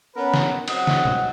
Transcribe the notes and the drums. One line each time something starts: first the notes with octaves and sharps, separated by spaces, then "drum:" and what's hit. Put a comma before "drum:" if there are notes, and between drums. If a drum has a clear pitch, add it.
B3 C#4 A#4 B4
drum: snare
F#3 C4 D#5 F#5, drum: cymbal
drum: snare
drum: tom